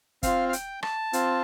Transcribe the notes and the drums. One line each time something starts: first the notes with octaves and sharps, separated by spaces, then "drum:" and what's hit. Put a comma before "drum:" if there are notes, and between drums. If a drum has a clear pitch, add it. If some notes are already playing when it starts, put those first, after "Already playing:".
C4 F4 F5, drum: kick, hi-hat
F5
G5, drum: hi-hat
A5, drum: rim click
C4 F4, drum: hi-hat